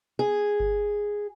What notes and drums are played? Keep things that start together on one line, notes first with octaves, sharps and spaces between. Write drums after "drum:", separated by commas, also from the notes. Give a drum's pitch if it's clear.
G#4
drum: kick G1